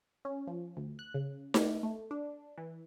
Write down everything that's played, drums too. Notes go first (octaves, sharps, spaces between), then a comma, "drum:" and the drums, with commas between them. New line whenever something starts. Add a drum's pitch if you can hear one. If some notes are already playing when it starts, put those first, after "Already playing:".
C#4
F3
D2
F#6
C#3
A3, drum: snare D#4
A3
D4
E3